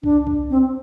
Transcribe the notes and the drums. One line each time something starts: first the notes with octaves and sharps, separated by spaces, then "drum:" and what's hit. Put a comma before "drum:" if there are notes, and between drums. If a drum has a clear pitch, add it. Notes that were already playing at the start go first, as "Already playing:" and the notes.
D4, drum: kick
drum: kick
C4